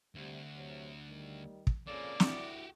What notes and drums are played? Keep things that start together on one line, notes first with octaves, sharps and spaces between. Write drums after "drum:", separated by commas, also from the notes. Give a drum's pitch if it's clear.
D2 C3 G3
C3 F#3
D#3 G3
drum: kick
F2 C#3 A#3 A4 D5
D2 E4 F#4 G4, drum: snare